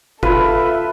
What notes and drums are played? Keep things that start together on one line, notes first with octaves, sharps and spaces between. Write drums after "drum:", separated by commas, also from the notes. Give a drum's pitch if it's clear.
F4 A4 B4 E5, drum: kick